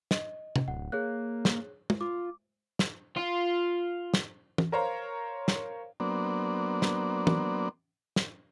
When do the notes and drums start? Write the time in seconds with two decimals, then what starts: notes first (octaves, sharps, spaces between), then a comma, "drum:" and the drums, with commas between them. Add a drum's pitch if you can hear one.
0.11 D#5, drum: snare
0.56 drum: tom
0.68 D1 F#5
0.92 A#3 G#4 C#5 F#6
1.45 drum: snare
1.90 drum: tom
2.01 F4 D6
2.79 drum: snare
3.17 F4
4.14 drum: snare
4.58 drum: tom
4.72 A#4 C5 C#5 F5 A#5
5.48 drum: snare
6.00 F#3 A#3 B3 D4 C5 D5
6.82 drum: snare
7.27 drum: tom
8.16 drum: snare